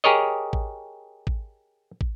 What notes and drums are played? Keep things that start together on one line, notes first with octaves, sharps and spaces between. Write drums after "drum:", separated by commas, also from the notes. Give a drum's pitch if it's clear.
G4 G#4 A#4 C#5 D#5
drum: kick
drum: kick
drum: kick